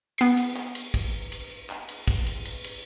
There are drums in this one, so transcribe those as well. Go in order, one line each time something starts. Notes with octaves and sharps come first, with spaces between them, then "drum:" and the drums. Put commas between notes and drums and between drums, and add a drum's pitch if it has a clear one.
B3 C7, drum: cymbal
drum: cymbal
drum: clap
drum: cymbal
drum: kick, cymbal
drum: cymbal
drum: clap
drum: cymbal
drum: kick, cymbal
drum: cymbal
drum: cymbal
drum: cymbal